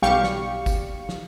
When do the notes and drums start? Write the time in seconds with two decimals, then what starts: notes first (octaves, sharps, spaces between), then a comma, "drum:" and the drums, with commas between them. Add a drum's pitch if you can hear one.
0.02 B1 G3 G4 F5 C#6 C#7
0.24 drum: snare
0.66 drum: kick, tambourine
1.09 drum: snare